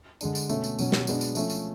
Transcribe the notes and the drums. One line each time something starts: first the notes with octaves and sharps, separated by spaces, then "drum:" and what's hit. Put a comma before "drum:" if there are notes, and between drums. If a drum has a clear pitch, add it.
D3 G#3 D4, drum: tambourine
drum: tambourine
B2 A3 C#4, drum: tambourine
drum: tambourine
B2 F#3 C#4, drum: tambourine
drum: snare
B2 G#3 B3 D4, drum: tambourine
drum: tambourine
F3 A3 C#4, drum: tambourine
drum: tambourine